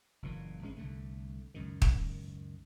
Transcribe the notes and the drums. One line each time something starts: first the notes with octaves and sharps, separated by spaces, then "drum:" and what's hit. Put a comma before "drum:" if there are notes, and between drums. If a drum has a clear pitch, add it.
F#1 A#2 E3
G#1 G#3 C#4
C2 D3 A3
C#2 F#2 D#3
drum: kick